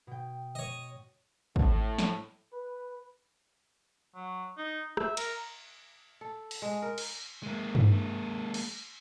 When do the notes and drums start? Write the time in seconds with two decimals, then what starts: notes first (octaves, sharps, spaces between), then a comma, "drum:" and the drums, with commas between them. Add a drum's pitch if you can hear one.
0.07 B2 G5
0.55 C#5 D#5
1.56 A2, drum: kick
1.98 drum: snare
2.53 B4
4.15 F#3
4.57 D#4
4.97 E5, drum: rim click
5.17 A#4, drum: cymbal
6.21 A4
6.51 drum: open hi-hat
6.62 G#3
6.82 A#4
6.98 drum: cymbal
7.43 G#3 A#3
7.75 drum: tom G2
8.54 drum: cymbal